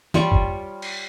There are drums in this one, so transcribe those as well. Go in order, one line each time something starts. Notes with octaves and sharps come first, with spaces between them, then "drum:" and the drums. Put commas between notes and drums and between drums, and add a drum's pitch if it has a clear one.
G3 F4 C#5 D5, drum: tom E3
drum: kick
drum: cymbal